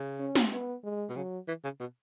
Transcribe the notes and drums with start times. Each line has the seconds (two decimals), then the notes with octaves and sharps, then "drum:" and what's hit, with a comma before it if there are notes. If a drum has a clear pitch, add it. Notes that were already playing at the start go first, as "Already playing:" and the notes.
Already playing: C#3
0.20 C#4
0.35 drum: snare
0.52 B3
0.84 G#3
1.09 B2
1.16 C#3 F#3
1.48 E3
1.64 C#3
1.80 B2